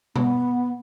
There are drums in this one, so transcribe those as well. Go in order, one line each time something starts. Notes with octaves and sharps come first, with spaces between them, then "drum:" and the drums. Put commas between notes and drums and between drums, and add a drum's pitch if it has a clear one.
B3, drum: tom B2